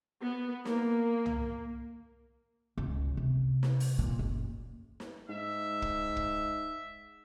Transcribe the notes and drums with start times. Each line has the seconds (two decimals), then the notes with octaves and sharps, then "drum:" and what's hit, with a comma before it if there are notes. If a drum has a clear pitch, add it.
0.21 B3
0.65 A#3, drum: snare
1.26 drum: tom
2.78 C#2
3.17 C3
3.63 drum: snare
3.80 drum: open hi-hat
3.99 A#2
4.19 F#1
5.00 drum: snare
5.29 G#2 E5
5.82 drum: kick
6.16 drum: kick